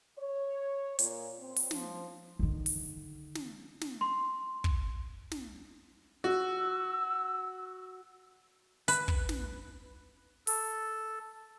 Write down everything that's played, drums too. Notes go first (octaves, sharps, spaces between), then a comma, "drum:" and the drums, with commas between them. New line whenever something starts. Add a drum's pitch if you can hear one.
C#5
A#2, drum: hi-hat
C4
drum: open hi-hat
F3, drum: snare
D3 D#3
drum: open hi-hat
drum: snare
drum: snare
C6
drum: kick
drum: snare
F#4 E6
B4, drum: hi-hat
drum: kick
drum: snare
A4, drum: open hi-hat